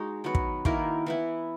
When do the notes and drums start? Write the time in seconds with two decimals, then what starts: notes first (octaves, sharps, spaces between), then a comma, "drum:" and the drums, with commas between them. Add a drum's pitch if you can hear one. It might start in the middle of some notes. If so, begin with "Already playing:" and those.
Already playing: G#3 D#4 F#4
0.24 D#3 F#3 B3 F#4
0.35 drum: kick
0.65 D#3 A#3 E4 A#4, drum: kick
1.06 E3 B3 E4